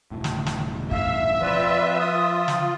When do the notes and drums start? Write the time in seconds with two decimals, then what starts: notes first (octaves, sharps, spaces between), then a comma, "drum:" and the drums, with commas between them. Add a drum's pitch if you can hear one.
0.11 E1 A2
0.24 drum: snare
0.46 drum: snare
0.91 E5 F5, drum: kick
1.41 F3 C4 F4 B4 D5
1.99 F4 D#6
2.48 drum: snare